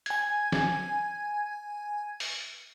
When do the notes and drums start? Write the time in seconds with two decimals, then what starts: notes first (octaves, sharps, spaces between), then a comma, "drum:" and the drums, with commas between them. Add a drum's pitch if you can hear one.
0.06 G#5 G#6, drum: hi-hat
0.52 drum: snare
2.20 drum: open hi-hat